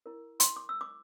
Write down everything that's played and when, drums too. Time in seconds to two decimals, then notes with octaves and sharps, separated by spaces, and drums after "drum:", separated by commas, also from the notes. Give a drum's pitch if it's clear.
0.06 E4 A#4
0.40 C6, drum: hi-hat
0.56 D6
0.69 E6
0.81 D6